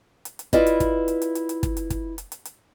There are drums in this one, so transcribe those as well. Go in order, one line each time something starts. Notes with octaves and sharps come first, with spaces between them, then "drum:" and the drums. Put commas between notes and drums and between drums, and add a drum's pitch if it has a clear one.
drum: hi-hat
drum: hi-hat
E4 F4 B4 D5 D#5, drum: kick, hi-hat
drum: hi-hat
drum: kick, hi-hat
drum: hi-hat
drum: hi-hat
drum: hi-hat
drum: hi-hat
drum: kick, hi-hat
drum: hi-hat
drum: kick, hi-hat
drum: hi-hat
drum: hi-hat
drum: hi-hat